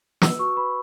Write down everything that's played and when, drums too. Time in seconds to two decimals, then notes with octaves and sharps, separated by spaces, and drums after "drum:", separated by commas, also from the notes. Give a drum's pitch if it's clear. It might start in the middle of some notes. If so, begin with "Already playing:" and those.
0.22 B4 E6, drum: snare
0.39 F#4 C#6
0.56 B4 B5